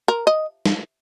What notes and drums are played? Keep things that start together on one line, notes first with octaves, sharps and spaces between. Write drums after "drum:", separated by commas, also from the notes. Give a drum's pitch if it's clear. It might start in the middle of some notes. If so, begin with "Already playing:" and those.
A#4
D#5
drum: snare